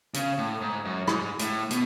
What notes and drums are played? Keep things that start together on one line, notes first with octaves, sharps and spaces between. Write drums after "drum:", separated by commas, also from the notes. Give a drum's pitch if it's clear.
C#3, drum: hi-hat
A2
G#2
F#2
G#2, drum: rim click
A2, drum: hi-hat
B2, drum: hi-hat